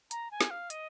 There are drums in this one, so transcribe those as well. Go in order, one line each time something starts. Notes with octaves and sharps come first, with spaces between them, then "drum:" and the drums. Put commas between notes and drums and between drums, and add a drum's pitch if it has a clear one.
A#5, drum: hi-hat
G#5
drum: snare
F5
D#5, drum: hi-hat